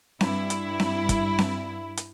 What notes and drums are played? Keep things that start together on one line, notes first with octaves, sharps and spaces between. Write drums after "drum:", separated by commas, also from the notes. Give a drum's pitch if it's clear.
G2 E4, drum: snare C4
drum: hi-hat
drum: snare C4
drum: kick, hi-hat
drum: snare C4
drum: hi-hat